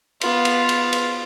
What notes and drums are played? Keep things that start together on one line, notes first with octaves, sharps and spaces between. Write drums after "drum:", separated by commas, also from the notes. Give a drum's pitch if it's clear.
B3 F4, drum: cymbal
drum: cymbal
drum: cymbal
drum: cymbal